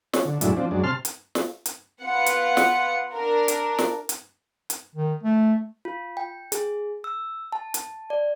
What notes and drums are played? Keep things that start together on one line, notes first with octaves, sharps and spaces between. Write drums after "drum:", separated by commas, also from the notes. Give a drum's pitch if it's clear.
C#4, drum: snare
D3
F#2 A2 G#3 D4 E4, drum: hi-hat
F3 C4 D4
F#2 G#3 D4
C3 A5 C6 F6
drum: hi-hat
drum: snare
drum: hi-hat
B3 F4 F#5 C#7
drum: hi-hat
drum: snare
D4 A#4
drum: hi-hat
drum: snare
drum: hi-hat
drum: hi-hat
D#3
A3
F4
G5
G#4, drum: hi-hat
E6
A5
drum: hi-hat
D5